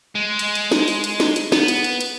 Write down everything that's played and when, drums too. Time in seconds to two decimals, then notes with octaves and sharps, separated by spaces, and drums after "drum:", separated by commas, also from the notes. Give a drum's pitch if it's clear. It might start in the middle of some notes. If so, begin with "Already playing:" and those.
0.15 G#3
0.39 drum: hi-hat
0.55 drum: hi-hat
0.72 drum: snare
0.88 drum: open hi-hat
1.04 drum: hi-hat
1.20 drum: snare
1.36 drum: hi-hat
1.52 B3, drum: snare
1.68 drum: hi-hat
1.84 drum: hi-hat
2.01 drum: hi-hat